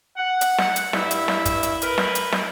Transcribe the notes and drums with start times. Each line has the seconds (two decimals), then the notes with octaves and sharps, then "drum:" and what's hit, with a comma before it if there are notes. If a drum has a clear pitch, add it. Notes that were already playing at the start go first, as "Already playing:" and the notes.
0.18 F#5
0.41 drum: hi-hat
0.58 drum: snare
0.76 drum: hi-hat
0.93 G2 E4 E5, drum: snare
1.11 drum: hi-hat
1.28 drum: snare
1.45 drum: kick, hi-hat
1.63 drum: hi-hat
1.82 A#4 B4, drum: hi-hat
1.98 drum: snare
2.15 drum: hi-hat
2.32 drum: snare